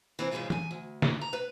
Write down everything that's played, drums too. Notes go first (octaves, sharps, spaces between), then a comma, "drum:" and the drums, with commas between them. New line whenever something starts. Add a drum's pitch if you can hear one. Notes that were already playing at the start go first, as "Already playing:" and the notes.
E3 C4 A#4
G#2 C#3 E3 G#3 D#4 F4
E2 G#5, drum: tom
D2
drum: snare
A#5
B4